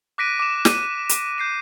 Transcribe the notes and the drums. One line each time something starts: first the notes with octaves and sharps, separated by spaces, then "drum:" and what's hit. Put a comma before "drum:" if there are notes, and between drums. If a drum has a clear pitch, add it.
D6 F#6 A#6 B6 D7 D#7
D6 E7
D6 D#7, drum: snare
drum: hi-hat
G6 C7 D#7